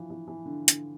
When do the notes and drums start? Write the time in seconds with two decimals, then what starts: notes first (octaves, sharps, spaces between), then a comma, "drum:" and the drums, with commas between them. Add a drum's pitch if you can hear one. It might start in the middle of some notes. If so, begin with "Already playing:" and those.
Already playing: E3 F3
0.10 E3
0.28 E3
0.45 D3
0.68 D3, drum: hi-hat